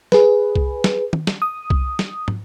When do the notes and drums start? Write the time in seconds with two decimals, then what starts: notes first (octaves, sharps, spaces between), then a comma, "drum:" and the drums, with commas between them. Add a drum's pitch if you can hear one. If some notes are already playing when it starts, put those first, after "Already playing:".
0.12 G#4 B4, drum: snare
0.56 drum: kick C2
0.84 drum: snare
1.13 drum: tom D#3
1.27 drum: snare
1.42 D#6
1.70 drum: kick C2
1.99 drum: snare
2.28 drum: tom